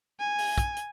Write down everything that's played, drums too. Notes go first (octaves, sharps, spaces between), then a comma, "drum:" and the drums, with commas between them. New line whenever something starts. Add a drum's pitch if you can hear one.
G#5
drum: open hi-hat
drum: kick, hi-hat
drum: hi-hat